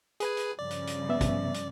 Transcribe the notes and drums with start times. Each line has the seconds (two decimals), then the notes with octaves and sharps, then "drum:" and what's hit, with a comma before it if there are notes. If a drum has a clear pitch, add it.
0.20 G#4 B4 G#5, drum: hi-hat
0.37 drum: hi-hat
0.59 G2 C#3 F3 D5
0.71 drum: hi-hat
0.87 drum: hi-hat
1.09 B3 E5
1.21 drum: kick, hi-hat
1.54 drum: hi-hat